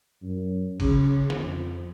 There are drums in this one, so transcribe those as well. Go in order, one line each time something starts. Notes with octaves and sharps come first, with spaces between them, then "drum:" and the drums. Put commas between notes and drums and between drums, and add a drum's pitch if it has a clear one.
F#2
C#3, drum: kick, cymbal
drum: snare
F2